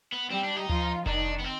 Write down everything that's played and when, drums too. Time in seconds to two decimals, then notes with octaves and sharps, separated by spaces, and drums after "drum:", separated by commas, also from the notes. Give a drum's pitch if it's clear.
0.12 B3
0.31 G3 C4 G4
0.44 D4
0.56 D#4
0.69 F3 F4, drum: tom D2
1.06 D#3 D4 D#4, drum: kick F1
1.40 B3
1.44 C4